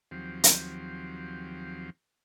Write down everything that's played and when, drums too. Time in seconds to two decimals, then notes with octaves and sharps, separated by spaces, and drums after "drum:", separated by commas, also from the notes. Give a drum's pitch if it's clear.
0.11 D#2 F3 F#3 C4 G4
0.44 drum: hi-hat